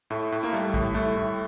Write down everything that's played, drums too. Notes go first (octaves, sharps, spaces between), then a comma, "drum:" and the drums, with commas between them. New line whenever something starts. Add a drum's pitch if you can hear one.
A2 A3
A2
A#3
G3 A3
A2, drum: kick A#1
A2 A3
A2